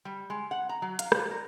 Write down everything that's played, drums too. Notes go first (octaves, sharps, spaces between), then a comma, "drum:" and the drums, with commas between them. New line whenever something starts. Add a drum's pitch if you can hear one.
G3
G#3
F#5
A#5
F#3
F5, drum: hi-hat
G3, drum: rim click
A#4